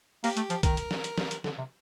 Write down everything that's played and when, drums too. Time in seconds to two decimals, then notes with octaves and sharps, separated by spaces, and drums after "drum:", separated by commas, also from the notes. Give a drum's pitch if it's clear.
0.24 A#3 G4, drum: open hi-hat
0.37 A3, drum: hi-hat
0.50 F3, drum: hi-hat
0.63 D#3 A#4, drum: kick, hi-hat
0.77 drum: hi-hat
0.91 drum: snare
1.04 drum: hi-hat
1.18 drum: snare
1.31 drum: hi-hat
1.44 D3, drum: snare
1.58 C3